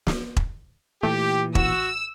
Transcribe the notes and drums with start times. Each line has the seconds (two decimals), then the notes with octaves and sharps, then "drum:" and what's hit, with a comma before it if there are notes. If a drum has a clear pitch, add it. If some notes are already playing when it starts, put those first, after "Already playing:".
0.07 drum: snare
0.37 drum: kick E1
1.03 A#2 E3 A3 G4
1.55 A1 F#4 E6, drum: kick E1